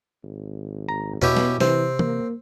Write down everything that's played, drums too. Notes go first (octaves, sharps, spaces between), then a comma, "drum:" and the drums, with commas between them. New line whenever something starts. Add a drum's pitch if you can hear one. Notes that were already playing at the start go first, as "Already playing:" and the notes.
G#1
A#5
B2 B3 C#4 E4 G4, drum: tom E2
drum: snare
C3 E3 C4, drum: snare
A#3, drum: tom